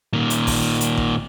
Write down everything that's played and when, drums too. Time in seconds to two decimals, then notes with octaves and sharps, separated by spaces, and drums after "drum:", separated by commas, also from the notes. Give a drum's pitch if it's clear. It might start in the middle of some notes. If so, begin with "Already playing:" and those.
0.13 A#2 D#3
0.30 drum: hi-hat
0.47 drum: kick A1, open hi-hat
0.81 drum: hi-hat
0.97 drum: kick A1